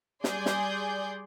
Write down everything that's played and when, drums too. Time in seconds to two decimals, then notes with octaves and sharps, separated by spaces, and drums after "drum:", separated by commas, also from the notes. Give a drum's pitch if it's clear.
0.24 G3 G#4 D5 C6 G6, drum: snare
0.46 drum: snare